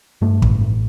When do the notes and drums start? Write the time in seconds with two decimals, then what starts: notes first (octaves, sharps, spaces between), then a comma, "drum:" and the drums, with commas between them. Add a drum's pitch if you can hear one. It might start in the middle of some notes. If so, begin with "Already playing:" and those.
0.21 G2 A3
0.42 A1, drum: kick
0.61 A1